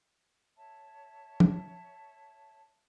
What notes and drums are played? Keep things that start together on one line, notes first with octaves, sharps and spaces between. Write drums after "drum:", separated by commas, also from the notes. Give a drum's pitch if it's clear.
C#5 E5 A5
drum: tom F3